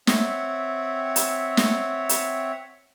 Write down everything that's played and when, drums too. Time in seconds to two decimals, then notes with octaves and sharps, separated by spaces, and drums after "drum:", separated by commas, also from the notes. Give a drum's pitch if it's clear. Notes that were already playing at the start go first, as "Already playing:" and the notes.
0.07 C4 C#5 E5 F#5, drum: snare
1.16 drum: hi-hat
1.57 drum: snare
2.09 drum: hi-hat